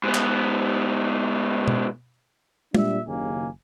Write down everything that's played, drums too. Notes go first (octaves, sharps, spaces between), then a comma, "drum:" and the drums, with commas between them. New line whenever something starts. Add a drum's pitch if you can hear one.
G#2 B3
drum: clap
drum: tom B2
A#2 G3 D4 E5, drum: tom
F#1 D#2 C#3 A#3 G#5